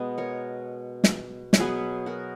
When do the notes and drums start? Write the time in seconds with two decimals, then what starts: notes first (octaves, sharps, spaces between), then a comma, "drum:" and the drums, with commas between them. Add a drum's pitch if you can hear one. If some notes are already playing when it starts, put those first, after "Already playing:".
Already playing: B2 G#3 B3 D#5
0.18 A#4 C#5
1.04 drum: snare
1.53 C#5, drum: snare
1.59 B2 F#3 B3 G#4 B4
2.06 F#4 A#4